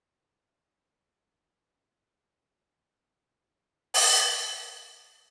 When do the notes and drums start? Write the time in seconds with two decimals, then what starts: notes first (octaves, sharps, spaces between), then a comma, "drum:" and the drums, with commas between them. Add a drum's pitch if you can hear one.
0.24 B3 C#6
2.71 A4 D5
3.94 drum: open hi-hat